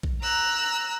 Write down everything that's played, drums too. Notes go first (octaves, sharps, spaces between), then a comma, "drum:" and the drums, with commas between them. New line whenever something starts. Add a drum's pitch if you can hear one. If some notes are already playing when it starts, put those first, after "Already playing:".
drum: kick A#1
A#5 E6 F#6